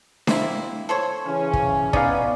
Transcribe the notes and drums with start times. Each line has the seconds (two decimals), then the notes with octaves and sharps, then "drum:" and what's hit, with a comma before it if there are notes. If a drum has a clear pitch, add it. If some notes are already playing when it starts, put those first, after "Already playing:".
0.27 A#3 C4 E4, drum: snare D4
0.89 A4 C5 C#5
1.27 C#3 E3 C#4
1.53 drum: kick
1.93 B3 C#4 D#4 D5 F5, drum: kick